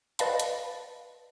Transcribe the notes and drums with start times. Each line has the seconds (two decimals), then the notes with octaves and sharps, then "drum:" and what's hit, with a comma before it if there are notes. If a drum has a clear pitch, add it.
0.19 B4 D5 D#5 F5 A5 B5, drum: hi-hat
0.39 drum: hi-hat